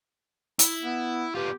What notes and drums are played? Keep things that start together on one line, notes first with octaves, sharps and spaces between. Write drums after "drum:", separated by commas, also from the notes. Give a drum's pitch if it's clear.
E4, drum: hi-hat
B3
B3 F4 G4